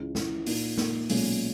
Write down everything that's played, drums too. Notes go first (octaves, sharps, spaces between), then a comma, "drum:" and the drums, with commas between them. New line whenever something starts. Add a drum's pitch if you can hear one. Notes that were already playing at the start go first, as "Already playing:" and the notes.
Already playing: C#2 C#3 E3
C#2 C#3 E3, drum: snare
A#2 A#3 D#4, drum: open hi-hat
A#2 A#3 D#4, drum: snare
B1 A#2 G#3 C#4, drum: open hi-hat